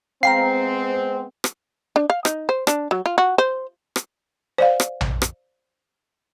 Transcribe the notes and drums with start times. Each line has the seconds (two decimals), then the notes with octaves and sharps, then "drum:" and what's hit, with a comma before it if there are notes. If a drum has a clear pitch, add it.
0.23 G#3 B3 C4 F5 G5 A#5 C7
1.44 drum: rim click
1.96 D4
2.10 F5
2.25 D#4, drum: rim click
2.49 C5
2.67 D4, drum: rim click
2.91 F#3
3.06 F4
3.18 F#4
3.38 C5
3.96 drum: rim click
4.58 C5 D5 F5
4.80 drum: rim click
5.01 drum: tom A#1
5.22 drum: rim click